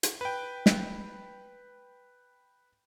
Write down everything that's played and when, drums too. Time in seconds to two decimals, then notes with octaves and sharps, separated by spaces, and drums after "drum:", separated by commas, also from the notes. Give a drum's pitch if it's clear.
0.03 drum: hi-hat
0.21 B4 G5
0.66 drum: snare